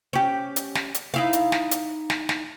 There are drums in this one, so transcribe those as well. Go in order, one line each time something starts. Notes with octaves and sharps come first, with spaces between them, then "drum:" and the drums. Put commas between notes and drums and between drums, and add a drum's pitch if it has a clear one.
C#4 G4
drum: hi-hat
drum: snare
drum: hi-hat
D#4 E4 F5
drum: hi-hat
drum: snare
drum: hi-hat
drum: snare
drum: snare